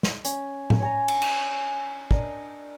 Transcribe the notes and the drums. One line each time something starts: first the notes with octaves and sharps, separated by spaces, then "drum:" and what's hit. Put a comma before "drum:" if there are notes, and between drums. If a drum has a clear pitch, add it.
drum: snare
C#4, drum: hi-hat
drum: tom A2
C#5 G#5 A#5
drum: cymbal
drum: cymbal
D4 A#4 D#5, drum: kick